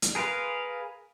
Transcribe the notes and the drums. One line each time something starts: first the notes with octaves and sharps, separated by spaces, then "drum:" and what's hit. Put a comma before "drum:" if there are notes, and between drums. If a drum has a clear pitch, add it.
drum: hi-hat
G#4 A#4 B4 F5 C6